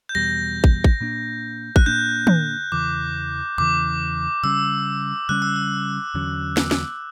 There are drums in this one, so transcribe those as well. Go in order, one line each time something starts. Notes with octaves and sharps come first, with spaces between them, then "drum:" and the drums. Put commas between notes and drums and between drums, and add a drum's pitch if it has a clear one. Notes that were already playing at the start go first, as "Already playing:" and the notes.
G6
E2 B2 G3 A#6
drum: kick
drum: kick
A#2 A#3 D4
F#6, drum: kick
A#2 A#3 D4 G6
drum: tom
E2 C#3 E3 D6
E2 C#3 E3 D6
C#3 G3 C#4 E6
C#3 G3 C#4 F#6
E6
F#6
E2 D3 F#3 C#4
drum: snare
drum: snare